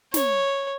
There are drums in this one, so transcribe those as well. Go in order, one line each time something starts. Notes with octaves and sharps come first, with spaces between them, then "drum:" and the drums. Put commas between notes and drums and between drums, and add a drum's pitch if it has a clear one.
C#5, drum: snare